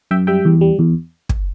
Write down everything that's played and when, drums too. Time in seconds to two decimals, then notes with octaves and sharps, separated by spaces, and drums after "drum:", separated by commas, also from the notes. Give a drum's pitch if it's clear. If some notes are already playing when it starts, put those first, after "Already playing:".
0.11 F#2 E5 G5
0.27 G3 E5 G5
0.45 E2
0.61 G3
0.79 E2
1.29 drum: kick